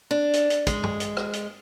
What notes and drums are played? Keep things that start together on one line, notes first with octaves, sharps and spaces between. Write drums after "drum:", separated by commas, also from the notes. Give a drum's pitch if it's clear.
D4
drum: hi-hat
drum: hi-hat
G#3, drum: kick, hi-hat
drum: tom G2
drum: hi-hat
drum: rim click
drum: hi-hat